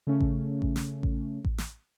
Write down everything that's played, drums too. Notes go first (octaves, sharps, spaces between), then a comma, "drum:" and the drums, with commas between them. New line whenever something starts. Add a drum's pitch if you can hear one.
C#3 A3 C#4
drum: kick A1
drum: kick A1
drum: snare
drum: kick A1
drum: kick A1
drum: snare